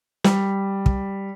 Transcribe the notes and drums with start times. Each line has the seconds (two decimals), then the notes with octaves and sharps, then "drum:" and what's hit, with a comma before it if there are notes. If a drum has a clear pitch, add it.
0.24 G3, drum: snare
0.86 drum: kick